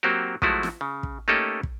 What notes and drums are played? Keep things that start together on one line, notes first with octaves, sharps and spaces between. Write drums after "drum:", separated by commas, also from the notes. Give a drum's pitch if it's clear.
F#3 A#3 C4 F#4 G4
F3 F#3 G#3 A3 E4 F#4, drum: kick
drum: snare
C#3
drum: kick
A3 A#3 C#4 D#4 G4 A4
drum: kick